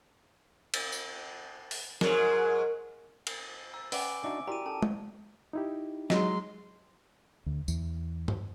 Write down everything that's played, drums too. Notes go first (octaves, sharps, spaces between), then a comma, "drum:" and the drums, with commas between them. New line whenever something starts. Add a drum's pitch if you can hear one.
drum: cymbal
drum: tambourine
drum: open hi-hat
G#2 F#3 G#3 A#4, drum: snare
drum: cymbal
A#5 E6
C#4 B4 D5 F#5 G#5 D6 D7, drum: open hi-hat
D4 D#4 F#4 E5 D6
E4 F#4 G4 A#4 D5 A#5 D#7
C#4 A4 A5
drum: tom
D#4 E4 G4
F#3 G#3 D#5 C6, drum: snare
D2
E2, drum: tambourine
drum: tom G2